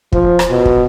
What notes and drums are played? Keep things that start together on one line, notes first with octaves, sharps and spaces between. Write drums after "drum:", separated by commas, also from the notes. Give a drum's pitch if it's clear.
F3, drum: kick
drum: rim click
B2
drum: kick